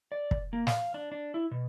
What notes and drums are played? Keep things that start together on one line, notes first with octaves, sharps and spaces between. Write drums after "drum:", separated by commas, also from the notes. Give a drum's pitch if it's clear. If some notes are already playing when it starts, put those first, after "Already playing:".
D5
drum: kick
A#3
F5, drum: snare
D4
D4
E4
B2